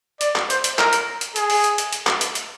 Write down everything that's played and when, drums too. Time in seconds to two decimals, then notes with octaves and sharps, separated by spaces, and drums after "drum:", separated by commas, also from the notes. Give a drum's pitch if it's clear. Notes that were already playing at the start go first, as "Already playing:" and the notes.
0.21 D5, drum: hi-hat
0.36 drum: clap
0.50 C5, drum: hi-hat
0.64 drum: hi-hat
0.79 A#4, drum: clap
0.93 drum: hi-hat
1.21 drum: hi-hat
1.36 G#4, drum: hi-hat
1.50 drum: open hi-hat
1.64 drum: hi-hat
1.78 drum: hi-hat
1.93 drum: hi-hat
2.07 drum: clap
2.21 drum: hi-hat
2.35 drum: hi-hat